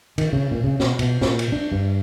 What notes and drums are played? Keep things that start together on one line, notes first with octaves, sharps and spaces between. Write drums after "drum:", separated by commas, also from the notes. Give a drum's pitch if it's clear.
D#3, drum: cymbal
C#3
A#2
C#3
B2, drum: snare
B2, drum: cymbal
A#2, drum: snare
drum: cymbal
D4
G2